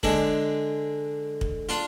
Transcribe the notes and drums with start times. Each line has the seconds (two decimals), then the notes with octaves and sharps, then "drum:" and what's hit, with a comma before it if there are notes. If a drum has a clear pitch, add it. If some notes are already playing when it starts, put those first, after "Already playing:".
0.03 D3 G#3 D4, drum: kick
1.41 drum: kick
1.69 D4 F4